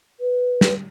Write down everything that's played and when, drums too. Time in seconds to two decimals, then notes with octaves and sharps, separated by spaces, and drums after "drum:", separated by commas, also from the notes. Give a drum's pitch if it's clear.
0.20 B4
0.61 drum: snare